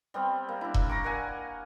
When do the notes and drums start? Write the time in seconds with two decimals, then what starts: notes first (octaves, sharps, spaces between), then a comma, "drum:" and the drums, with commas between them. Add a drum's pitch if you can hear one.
0.14 G3 B3 C4
0.49 A#3
0.61 D4 E4
0.74 drum: kick E1
0.90 A#5 C#6 D6
1.04 A#3 F#5 G#5